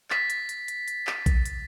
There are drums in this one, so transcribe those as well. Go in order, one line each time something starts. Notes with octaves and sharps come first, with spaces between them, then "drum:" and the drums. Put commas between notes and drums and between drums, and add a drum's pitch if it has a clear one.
A6 B6, drum: clap
drum: hi-hat
drum: hi-hat
drum: hi-hat
drum: hi-hat
drum: clap
drum: kick A#1, hi-hat
drum: hi-hat